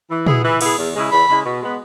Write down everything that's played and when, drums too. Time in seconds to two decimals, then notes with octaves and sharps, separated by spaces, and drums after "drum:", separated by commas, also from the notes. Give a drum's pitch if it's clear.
0.10 E3
0.26 B3 E4 G#4, drum: tom
0.44 E3
0.61 B3 E4 G#4, drum: cymbal
0.78 E2
0.95 C#3 G#3 E4
1.11 E2 B5
1.28 C#3 G#3 E4
1.45 B2
1.62 G#3 B3